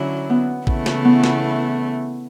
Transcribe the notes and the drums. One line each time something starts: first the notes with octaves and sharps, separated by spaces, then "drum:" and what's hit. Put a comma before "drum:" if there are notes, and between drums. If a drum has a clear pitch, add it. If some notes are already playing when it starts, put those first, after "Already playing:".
Already playing: D3 F#3 C#4 E4
B3
C#3 E3 A3 E4, drum: kick A1
drum: snare
B3
drum: snare